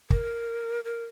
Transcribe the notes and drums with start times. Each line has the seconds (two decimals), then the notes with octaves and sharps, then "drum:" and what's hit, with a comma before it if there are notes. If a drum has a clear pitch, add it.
0.10 A#4, drum: kick
0.85 A#4